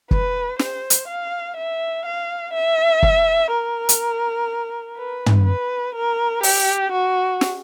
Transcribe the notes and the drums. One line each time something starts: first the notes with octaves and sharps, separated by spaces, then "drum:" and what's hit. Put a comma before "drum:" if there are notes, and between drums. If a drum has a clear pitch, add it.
B4, drum: kick
C5, drum: snare
drum: hi-hat
F5
E5
F5
E5
drum: kick
A#4
drum: hi-hat
B4
drum: tom
B4
A#4
G4, drum: open hi-hat
F#4
drum: snare